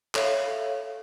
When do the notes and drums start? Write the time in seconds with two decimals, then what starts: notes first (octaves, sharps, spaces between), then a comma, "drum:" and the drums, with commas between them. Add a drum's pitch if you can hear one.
0.15 A4 C#5 E5 F5, drum: clap